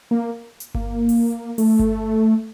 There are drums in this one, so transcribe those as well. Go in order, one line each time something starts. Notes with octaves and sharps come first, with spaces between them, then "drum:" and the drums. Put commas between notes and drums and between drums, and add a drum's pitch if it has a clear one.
A#3
drum: hi-hat
A#3, drum: kick G1
drum: open hi-hat
A3, drum: open hi-hat
drum: kick G1